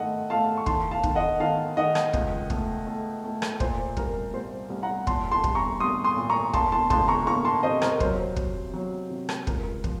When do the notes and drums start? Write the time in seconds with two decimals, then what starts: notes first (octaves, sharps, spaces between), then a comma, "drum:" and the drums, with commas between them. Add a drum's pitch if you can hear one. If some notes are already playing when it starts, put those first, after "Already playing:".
Already playing: D#3 A3 D#5 F#5
0.30 A3 F5 A5
0.57 C#6
0.66 D#3 A5 C6, drum: kick
0.91 F5 A5
1.03 D#3, drum: kick
1.15 D#5 F#5
1.40 D#3 F5 A5
1.77 D#3 D#5 F#5
1.95 drum: rim click
2.13 C#2, drum: kick
2.50 A3, drum: kick
2.87 A3
3.24 A3
3.42 drum: rim click
3.60 A#2 C5, drum: kick
3.97 C2 A#4, drum: kick
4.33 C2 C5
4.70 C2
4.83 F#5 A#5
5.07 A#2 A5 C6, drum: kick
5.31 A5 C6
5.44 C2, drum: kick
5.55 A#5 C#6
5.80 C2 C6 D#6
6.04 C6 D#6
6.16 A#2
6.30 A#5 C#6
6.53 A#3 A5 C6, drum: kick
6.72 A5 C6
6.90 C#2 A5 C6, drum: kick
7.08 A#5 C#6
7.27 A#3 A#5 C#6
7.45 A5 C6
7.63 C3 C5 D#5
7.82 A#4, drum: rim click
8.00 F#3 C5, drum: kick
8.36 F#3, drum: kick
8.73 F#3
9.10 C3
9.29 drum: rim click
9.47 C#2 A#4, drum: kick
9.84 F3, drum: kick